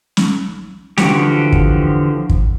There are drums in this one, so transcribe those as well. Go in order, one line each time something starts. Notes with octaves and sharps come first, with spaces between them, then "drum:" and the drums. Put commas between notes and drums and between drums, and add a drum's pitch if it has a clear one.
drum: snare
D3 E3 F3 F#4 G4, drum: snare
drum: kick
drum: kick